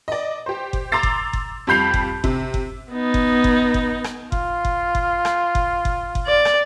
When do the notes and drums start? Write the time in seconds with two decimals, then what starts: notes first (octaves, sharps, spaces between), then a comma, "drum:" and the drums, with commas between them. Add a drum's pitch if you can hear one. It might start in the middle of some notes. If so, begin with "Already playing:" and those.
0.08 D5 D#5
0.46 G4 C5
0.73 drum: kick F#1
0.92 A#5 C6 D6 E6 A6 C7
1.03 drum: kick F#1
1.33 drum: kick F#1
1.67 F2 G3 B5 G6 C7 F7
1.94 drum: kick F#1
2.24 C3, drum: kick F#1
2.54 drum: kick F#1
2.92 B3 D#4
3.14 drum: kick F#1
3.44 drum: kick F#1
3.74 drum: kick F#1
4.04 drum: rim click
4.32 F4, drum: kick F#1
4.65 drum: kick F#1
4.95 drum: kick F#1
5.25 drum: rim click
5.55 drum: kick F#1
5.85 drum: kick F#1
6.15 drum: kick F#1
6.27 D5
6.45 drum: rim click